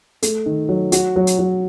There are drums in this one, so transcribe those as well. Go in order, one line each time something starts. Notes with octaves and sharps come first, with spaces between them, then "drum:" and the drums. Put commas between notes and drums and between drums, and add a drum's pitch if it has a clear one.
A3, drum: hi-hat
D#3
F#3
F#4, drum: hi-hat
F#3
drum: hi-hat
F#3